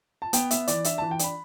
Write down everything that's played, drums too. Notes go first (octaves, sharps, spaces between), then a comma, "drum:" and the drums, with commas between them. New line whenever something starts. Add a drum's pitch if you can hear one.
A5
B3 G5, drum: hi-hat
B3 E5, drum: hi-hat
E3 D5, drum: hi-hat
D4 E5, drum: hi-hat
E3 A5
G5
D4 B5, drum: hi-hat